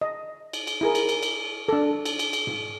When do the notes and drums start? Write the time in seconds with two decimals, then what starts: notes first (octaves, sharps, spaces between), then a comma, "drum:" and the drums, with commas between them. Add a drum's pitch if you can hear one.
0.02 D#5
0.53 drum: cymbal
0.67 drum: cymbal
0.81 E4 G#4 A#4
0.95 drum: cymbal
1.09 drum: cymbal
1.23 drum: cymbal
1.68 D4 A4
2.05 drum: cymbal
2.19 drum: cymbal
2.33 drum: cymbal
2.47 drum: tom G#2